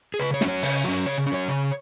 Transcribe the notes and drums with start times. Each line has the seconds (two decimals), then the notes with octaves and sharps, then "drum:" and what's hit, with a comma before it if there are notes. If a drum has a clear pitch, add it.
0.14 G#4
0.20 C#3 B4
0.34 C#5
0.41 F#3 C#4, drum: snare
0.48 C#5
0.63 C#3, drum: open hi-hat
0.84 F#3 C#4
1.06 C#3 C#5
1.26 C#4
1.32 F#3 C#5
1.48 C#3